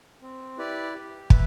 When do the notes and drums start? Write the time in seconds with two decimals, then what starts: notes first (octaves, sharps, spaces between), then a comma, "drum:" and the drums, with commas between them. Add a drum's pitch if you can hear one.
0.22 C4
0.58 E4 G4 B4 D5
0.94 G4
1.30 B4 E5, drum: kick